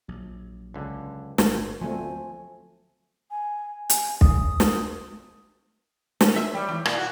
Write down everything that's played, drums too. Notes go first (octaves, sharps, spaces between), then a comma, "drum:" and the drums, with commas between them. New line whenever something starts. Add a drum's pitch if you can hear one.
A#1 F#3
C#2 D3
G1 A2 G#5, drum: snare
D2 F3 F#3 A3 B3 C4 G#5
G#5
G#5, drum: hi-hat
D#6, drum: kick
drum: snare
C#4, drum: snare
E5
G3
E2
A#2, drum: rim click
F#4